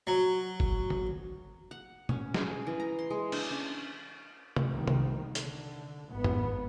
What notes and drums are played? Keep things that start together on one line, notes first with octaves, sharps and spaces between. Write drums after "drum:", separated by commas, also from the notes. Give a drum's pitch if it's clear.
F#3
drum: kick
drum: tom D3
F#5
C#4, drum: tom B2
G#4, drum: snare
E3
A#5
C6
G#3
D4, drum: cymbal
C#4
drum: tom C3
C2 D#3
drum: tom C3
D3, drum: hi-hat
G#1 B3
drum: tom F2